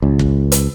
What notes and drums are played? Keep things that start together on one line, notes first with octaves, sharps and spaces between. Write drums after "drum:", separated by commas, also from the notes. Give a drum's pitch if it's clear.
C#2
drum: kick
drum: hi-hat